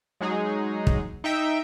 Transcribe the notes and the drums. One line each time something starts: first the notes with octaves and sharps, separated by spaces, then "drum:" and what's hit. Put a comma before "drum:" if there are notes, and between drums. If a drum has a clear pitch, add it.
F#3 G#3 D#4 G#4
drum: kick
D#4 E5 G5